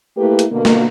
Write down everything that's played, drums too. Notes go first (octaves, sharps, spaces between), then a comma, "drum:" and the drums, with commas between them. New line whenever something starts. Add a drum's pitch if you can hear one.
A3 A#3 E4 G4 B4
drum: hi-hat
B2 D3 A#3
drum: snare